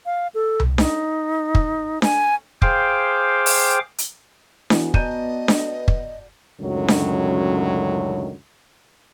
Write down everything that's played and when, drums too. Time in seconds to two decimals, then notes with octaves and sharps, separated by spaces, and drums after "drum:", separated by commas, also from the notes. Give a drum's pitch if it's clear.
0.06 F5
0.35 A4
0.60 drum: tom C2
0.78 D#4, drum: snare D4
1.55 drum: kick
2.02 G#5, drum: snare D4
2.62 G#4 C5 F5 G5 D6, drum: kick
3.46 drum: open hi-hat
3.98 drum: hi-hat
4.70 E3 B3 F#4 F#5 G#5, drum: snare D4
4.94 D5 D#5 A5 A#5 G6 D#7, drum: kick
5.48 drum: snare D4
5.88 drum: kick
6.60 C#2 F#2 A2 D3 D#3 F#3
6.88 drum: snare D4